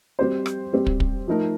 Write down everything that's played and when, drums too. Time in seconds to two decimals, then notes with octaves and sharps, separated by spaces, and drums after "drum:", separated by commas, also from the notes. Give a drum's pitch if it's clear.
0.19 G3 C4 G4 C5
0.46 drum: rim click
0.73 G3 C4 G4
0.87 drum: kick
1.00 drum: kick
1.28 F3 A3 D#4 A#4